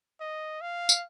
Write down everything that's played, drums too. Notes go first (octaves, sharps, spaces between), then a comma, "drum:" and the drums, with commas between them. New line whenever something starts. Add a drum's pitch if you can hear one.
D#5
F5
drum: tambourine